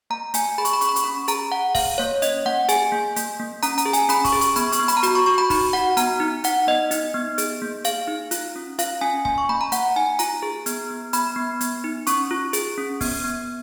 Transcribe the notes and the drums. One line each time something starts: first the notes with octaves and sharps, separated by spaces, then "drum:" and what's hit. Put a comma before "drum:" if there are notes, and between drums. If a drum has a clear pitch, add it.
A#3 A#5
A#3 G#5, drum: hi-hat
G#4 B5
C#6, drum: hi-hat
B5
C#4 C#6, drum: hi-hat
B5
C#6, drum: hi-hat
C#4 B5
G#4 A#5, drum: hi-hat
G#4 F#5
A#3 F5, drum: kick, open hi-hat
A#3 C#5
C#4 D#5, drum: hi-hat
A#3 F#5
G#4 G#5, drum: hi-hat
A#3
A#3, drum: hi-hat
A#3
C#4 A#5, drum: hi-hat
A#5, drum: hi-hat
G#4
G#5, drum: hi-hat
C#4 B5, drum: hi-hat
C#6, drum: kick, open hi-hat
G#4
C#6, drum: hi-hat
B3 B5, drum: hi-hat
C#6, drum: hi-hat
B3
B5, drum: hi-hat
A#5
F#4 B5, drum: hi-hat
C#6
F#4 C#6
B5
D#4 B5, drum: kick, open hi-hat
F#4 F#5
B3 A#5, drum: hi-hat
D#4
D#4 F#5, drum: hi-hat
B3 D#5
D#4, drum: hi-hat
B3
G#4, drum: hi-hat
A#3
G#4 F5, drum: hi-hat
D#4
F4, drum: hi-hat
C#4
F4 F5, drum: hi-hat
C#4 G#5
A#3 G#5, drum: kick
C#6
A#3 B5
A#5
A#3 F#5, drum: hi-hat
D#4 G#5
F4 A#5, drum: hi-hat
G#4
B3, drum: hi-hat
B3
B3 B5, drum: hi-hat
B3
B3, drum: hi-hat
D#4
C#4 C#6, drum: hi-hat
F4
G#4, drum: hi-hat
C#4
B3, drum: kick, open hi-hat
B3